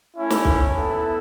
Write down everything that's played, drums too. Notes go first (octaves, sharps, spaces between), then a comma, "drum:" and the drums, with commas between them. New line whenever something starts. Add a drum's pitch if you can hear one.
A3 C#4 E4
drum: snare
drum: kick
B3 E4 A4